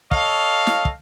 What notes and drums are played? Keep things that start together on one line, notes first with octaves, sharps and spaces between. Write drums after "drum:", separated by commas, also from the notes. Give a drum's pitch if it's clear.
A4 C#5 D#5 F5, drum: kick
drum: snare
drum: kick